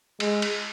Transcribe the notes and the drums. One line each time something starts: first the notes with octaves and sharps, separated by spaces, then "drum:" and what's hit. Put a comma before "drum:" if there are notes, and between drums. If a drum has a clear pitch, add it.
G#3, drum: cymbal
drum: cymbal